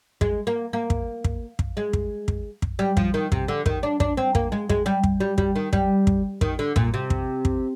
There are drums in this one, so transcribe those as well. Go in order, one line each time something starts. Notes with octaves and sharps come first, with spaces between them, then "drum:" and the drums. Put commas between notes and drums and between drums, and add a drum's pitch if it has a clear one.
G#3, drum: kick
A#3
A#3
drum: kick
drum: kick
drum: kick
G#3
drum: kick
drum: kick
drum: kick
G3
F3, drum: kick
D#3
C3, drum: kick
D3
D#3, drum: kick
D4
D4, drum: kick
C4
A#3, drum: kick
G#3
G#3, drum: kick
G3
drum: kick
G3
G3, drum: kick
D#3
G3, drum: kick
drum: kick
D#3, drum: kick
D3
A#2, drum: kick
C3
drum: kick
drum: kick